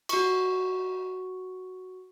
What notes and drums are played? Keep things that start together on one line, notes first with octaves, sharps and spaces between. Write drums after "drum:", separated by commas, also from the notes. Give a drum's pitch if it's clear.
F#4 C#6, drum: cymbal